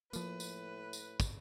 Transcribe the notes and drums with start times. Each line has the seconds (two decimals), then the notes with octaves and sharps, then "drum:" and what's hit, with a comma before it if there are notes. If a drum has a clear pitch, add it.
0.13 A2 F3 A#3 B4, drum: tambourine
0.40 drum: tambourine
0.93 drum: tambourine
1.20 drum: kick, tambourine